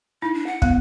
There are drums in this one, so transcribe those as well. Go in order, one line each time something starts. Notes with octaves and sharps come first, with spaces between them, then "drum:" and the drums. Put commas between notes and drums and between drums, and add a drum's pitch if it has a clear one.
D#4 E4
D4
F#5
B3, drum: kick